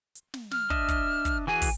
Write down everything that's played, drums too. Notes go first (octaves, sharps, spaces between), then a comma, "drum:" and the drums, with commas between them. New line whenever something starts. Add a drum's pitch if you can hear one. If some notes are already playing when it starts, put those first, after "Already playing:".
drum: hi-hat
drum: snare
F6, drum: snare
D4 D#5 E5, drum: kick
drum: kick, hi-hat
drum: kick, hi-hat
E3 F#4 G#4 G#5
drum: kick, open hi-hat